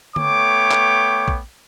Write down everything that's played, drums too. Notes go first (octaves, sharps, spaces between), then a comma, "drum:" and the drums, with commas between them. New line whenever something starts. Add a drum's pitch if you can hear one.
A3 B3 C#5 G5 D6, drum: tom D3
drum: clap
drum: kick